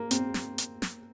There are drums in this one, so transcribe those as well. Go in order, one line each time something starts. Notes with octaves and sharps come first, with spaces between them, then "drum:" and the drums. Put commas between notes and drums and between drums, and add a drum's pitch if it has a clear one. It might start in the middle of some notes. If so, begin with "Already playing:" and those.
Already playing: A#3
C4, drum: hi-hat
drum: snare
drum: hi-hat
drum: snare